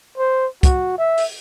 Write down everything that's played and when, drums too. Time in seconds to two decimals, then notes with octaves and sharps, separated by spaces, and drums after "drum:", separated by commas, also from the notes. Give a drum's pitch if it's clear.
0.18 C5
0.63 F#4, drum: kick, hi-hat
0.98 E5
1.18 drum: open hi-hat